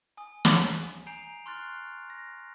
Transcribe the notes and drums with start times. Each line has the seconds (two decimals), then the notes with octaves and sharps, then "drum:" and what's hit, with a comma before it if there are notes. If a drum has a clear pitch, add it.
0.17 G#5 D#6
0.45 drum: snare
1.07 G#5 A#5 G6 C7 D7 F7
1.46 C6 C#6 F6 F#6 A6 C7
2.10 A#6